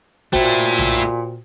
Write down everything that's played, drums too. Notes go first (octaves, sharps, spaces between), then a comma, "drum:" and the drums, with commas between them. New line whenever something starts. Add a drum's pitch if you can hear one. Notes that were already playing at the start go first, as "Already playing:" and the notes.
A#2 A3 E4 F#4 C5 G5, drum: kick
drum: tom B1